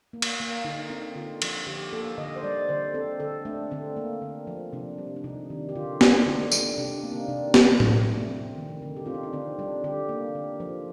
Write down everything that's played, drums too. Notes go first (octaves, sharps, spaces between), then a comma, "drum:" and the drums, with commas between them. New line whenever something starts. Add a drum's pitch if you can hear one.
A#3
drum: cymbal
A#3
D3 D#4
C4 D#4
D3 F4
F3, drum: cymbal
D3 G4
A#3 A4
D3 D#5
C5
G3 D5
D3 C5
C4 A4
D3 A4
A3 D4
D3 C4
A#3
D3
F3
C3 D4
G3
D4
C3 D#4
D#3
G4
D3 F4
C4 D#4, drum: snare
D3 D4
G3 C4, drum: tambourine
C3 D4
D4
A#3
D#4
C4
C3 D4
F3, drum: snare
C3, drum: tom A2
A3
C4
D#3
D3
G4
C4 F4
D#4
D4
D3 C4
G3 D4
D3 G4
A#3
D3
F3